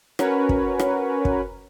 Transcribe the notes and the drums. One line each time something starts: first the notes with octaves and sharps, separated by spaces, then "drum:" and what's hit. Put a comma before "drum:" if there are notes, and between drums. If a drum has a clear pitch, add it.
C#4 F#4 A#4 B4 C#5, drum: rim click
drum: kick
drum: rim click
drum: kick